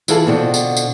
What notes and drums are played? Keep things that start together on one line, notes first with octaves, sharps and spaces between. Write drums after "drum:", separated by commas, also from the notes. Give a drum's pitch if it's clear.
E3 E4 F4 G#4 A4, drum: tambourine
B2 D3 C4 F4
drum: tambourine
drum: tambourine